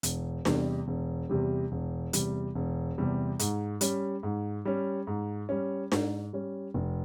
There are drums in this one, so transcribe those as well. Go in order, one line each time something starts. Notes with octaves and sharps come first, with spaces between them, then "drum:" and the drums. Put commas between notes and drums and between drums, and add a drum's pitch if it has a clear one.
E1, drum: hi-hat
E2 C3 G3, drum: snare D4
E1
E2 C3 G3
E1
E2 C3 G3, drum: hi-hat
E1
E2 C3 G3
G#2, drum: hi-hat
G3 C#4, drum: hi-hat
G#2
G3 C#4
G#2
G3 C#4
G#2, drum: snare D4
G3 C#4
F1